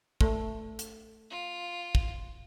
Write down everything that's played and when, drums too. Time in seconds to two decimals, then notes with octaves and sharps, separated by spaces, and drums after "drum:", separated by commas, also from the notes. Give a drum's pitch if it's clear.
0.21 A3, drum: kick
0.79 drum: hi-hat
1.30 F4
1.95 drum: kick